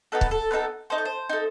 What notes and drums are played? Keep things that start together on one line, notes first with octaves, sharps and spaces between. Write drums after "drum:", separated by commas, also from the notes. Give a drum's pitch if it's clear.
B3 D#4 A4 B4
drum: kick
A4
B3 D#4 A4 B4
D#4 A4 C5
D#5
C5
D#4 A4